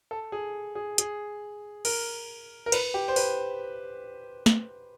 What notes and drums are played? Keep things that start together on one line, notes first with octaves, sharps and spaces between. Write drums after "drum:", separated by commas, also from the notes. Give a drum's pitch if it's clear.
A4
G#4
G#4
G#4, drum: hi-hat
A#4, drum: cymbal
A#4
B4, drum: cymbal
G4
C5
B4, drum: open hi-hat
drum: snare